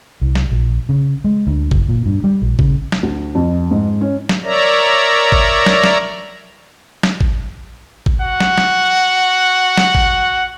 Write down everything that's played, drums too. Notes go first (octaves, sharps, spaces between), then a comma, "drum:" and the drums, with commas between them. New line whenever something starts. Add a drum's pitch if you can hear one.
C2
drum: snare
A#1
C#3
G#3
D2
F#1, drum: kick G#1
A#2
G2
G3
A#1
C#3, drum: kick G#1
drum: snare
D2
F2
G#2
C#4
drum: snare
A#4 C#5 D5 E5 A#5
drum: kick G#1
drum: snare
drum: snare
drum: snare
drum: kick G#1
drum: kick G#1
F#4 F#5
drum: snare
drum: snare
drum: snare
drum: kick G#1